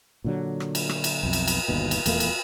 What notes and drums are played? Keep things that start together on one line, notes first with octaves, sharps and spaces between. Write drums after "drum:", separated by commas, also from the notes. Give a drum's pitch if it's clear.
A#2 D3 F#3
drum: rim click
drum: cymbal
drum: rim click
drum: cymbal
B1 F2
drum: cymbal
drum: cymbal
G1 D#2 B2
drum: cymbal
D#1 E2 A3 A#3, drum: cymbal
drum: cymbal